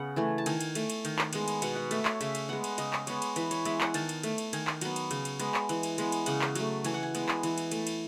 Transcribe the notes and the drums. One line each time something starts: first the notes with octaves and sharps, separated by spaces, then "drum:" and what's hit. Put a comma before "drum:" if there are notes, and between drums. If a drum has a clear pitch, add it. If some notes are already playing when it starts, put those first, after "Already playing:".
Already playing: C#3 B3 F#5
E3 A3 G#5
A5
D#3 G#5, drum: cymbal
drum: cymbal
A3, drum: cymbal
drum: cymbal
D#3, drum: cymbal
drum: clap
G#3 B3, drum: cymbal
drum: cymbal
B2 F#5, drum: cymbal
F#5
A3 E5, drum: cymbal
C#5, drum: clap
C#3 E5, drum: cymbal
drum: cymbal
G#3 B3 F#5
drum: cymbal
C#3 D#5, drum: cymbal
drum: clap
G#3 B3 C#5, drum: cymbal
drum: cymbal
E3 B4, drum: cymbal
C#5, drum: cymbal
G#3 B3 E5, drum: cymbal
F#5, drum: clap
D#3 A5, drum: cymbal
drum: cymbal
A3, drum: cymbal
drum: cymbal
D#3 G#5, drum: cymbal
drum: clap
F#3 B3, drum: cymbal
drum: cymbal
C#3, drum: cymbal
drum: cymbal
G#3 B3, drum: cymbal
drum: clap
E3, drum: cymbal
drum: cymbal
G#3 B3, drum: cymbal
drum: cymbal
C#3 F#5, drum: cymbal
drum: clap
F#3 A3, drum: cymbal
E3 G#5, drum: cymbal
F#5
G#5
G#3 B3, drum: cymbal
drum: clap
E3, drum: cymbal
drum: cymbal
A3, drum: cymbal
drum: cymbal